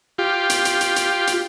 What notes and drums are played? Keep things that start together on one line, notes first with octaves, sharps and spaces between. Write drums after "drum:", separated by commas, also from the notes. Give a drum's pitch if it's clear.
F4 G4
drum: hi-hat
drum: hi-hat
drum: hi-hat
drum: hi-hat
drum: hi-hat